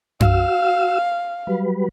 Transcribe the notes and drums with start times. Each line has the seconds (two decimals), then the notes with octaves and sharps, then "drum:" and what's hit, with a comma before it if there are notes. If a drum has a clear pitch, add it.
0.20 F#4 F5 E6, drum: tom F#2
1.47 F#3 G3 B4